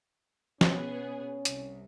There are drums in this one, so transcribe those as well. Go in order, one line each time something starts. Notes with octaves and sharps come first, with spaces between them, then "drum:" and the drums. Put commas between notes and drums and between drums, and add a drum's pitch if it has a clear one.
B2 B3 C#4 G#4, drum: snare
C2, drum: hi-hat